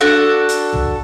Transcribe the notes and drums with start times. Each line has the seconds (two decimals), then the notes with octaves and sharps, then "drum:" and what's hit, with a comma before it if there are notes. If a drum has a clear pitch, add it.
0.01 D4 F#4 A4 F#5
0.49 drum: hi-hat
0.73 drum: tom